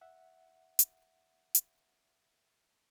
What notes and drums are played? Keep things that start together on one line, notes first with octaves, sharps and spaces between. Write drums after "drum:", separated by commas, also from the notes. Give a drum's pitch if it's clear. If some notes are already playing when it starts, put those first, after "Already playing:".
E5 F#5
drum: hi-hat
drum: hi-hat